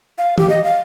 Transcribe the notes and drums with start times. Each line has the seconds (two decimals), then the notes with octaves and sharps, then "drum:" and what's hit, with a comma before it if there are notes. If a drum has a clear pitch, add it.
0.18 F5
0.38 G4, drum: tom D#3
0.50 D#5
0.64 F5